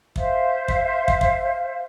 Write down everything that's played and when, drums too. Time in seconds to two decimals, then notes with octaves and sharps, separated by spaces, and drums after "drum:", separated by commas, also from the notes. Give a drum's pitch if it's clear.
0.16 C5 E5 F5, drum: kick
0.68 drum: kick
1.08 drum: kick
1.21 drum: kick